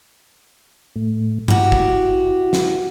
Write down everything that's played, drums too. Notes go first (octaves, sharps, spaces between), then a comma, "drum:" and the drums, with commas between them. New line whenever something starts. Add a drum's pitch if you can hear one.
A2 A3
E4 F#4 G4, drum: tom G2
drum: kick
drum: snare